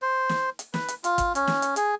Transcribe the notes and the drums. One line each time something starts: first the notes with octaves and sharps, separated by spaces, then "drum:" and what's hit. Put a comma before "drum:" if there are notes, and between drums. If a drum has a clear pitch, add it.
C5
drum: snare
drum: hi-hat
B4, drum: snare
drum: hi-hat
F4, drum: hi-hat
drum: kick, hi-hat
C#4, drum: hi-hat
drum: snare
drum: hi-hat
G#4, drum: hi-hat